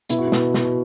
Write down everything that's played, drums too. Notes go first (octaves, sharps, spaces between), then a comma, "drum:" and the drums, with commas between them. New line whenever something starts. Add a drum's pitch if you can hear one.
B2 E4, drum: hi-hat
F#4
E4
B2, drum: snare
B2, drum: snare